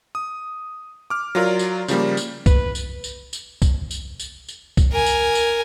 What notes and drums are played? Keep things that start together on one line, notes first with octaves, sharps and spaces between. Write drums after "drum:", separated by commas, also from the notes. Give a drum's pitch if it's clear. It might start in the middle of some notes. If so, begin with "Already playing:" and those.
D#6
D6 F6
F#3 F4 A#4 D5
drum: tambourine
C#3 F3 G3 A#3, drum: tambourine
drum: tambourine
B4, drum: kick C2, tambourine
drum: tambourine
drum: tambourine
drum: tambourine
drum: kick C2, tambourine
drum: tambourine
drum: tambourine
drum: tambourine
drum: kick C2, tambourine
A#4 G#5
drum: tambourine
drum: tambourine